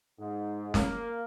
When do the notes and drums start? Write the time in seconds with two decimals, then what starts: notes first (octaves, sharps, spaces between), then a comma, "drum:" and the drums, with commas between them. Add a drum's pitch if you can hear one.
0.19 G#2
0.74 A#3, drum: snare